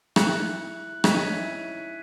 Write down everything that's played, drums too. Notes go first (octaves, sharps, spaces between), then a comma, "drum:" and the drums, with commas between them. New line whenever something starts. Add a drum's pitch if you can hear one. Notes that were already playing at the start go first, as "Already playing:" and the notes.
E4 F#6 C#7 F#7, drum: rim click
D#4 G#6 B6 D#7, drum: rim click
C#4
E4